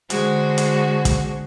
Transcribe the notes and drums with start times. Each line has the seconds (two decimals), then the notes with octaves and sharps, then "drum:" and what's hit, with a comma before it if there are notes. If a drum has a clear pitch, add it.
0.10 D3 G#3 F#4 C5, drum: hi-hat
0.58 drum: hi-hat
1.05 drum: kick, hi-hat